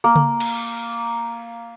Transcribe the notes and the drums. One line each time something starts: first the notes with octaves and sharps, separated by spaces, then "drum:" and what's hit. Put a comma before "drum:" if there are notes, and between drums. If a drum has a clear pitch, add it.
A#3
drum: tom C#3
drum: cymbal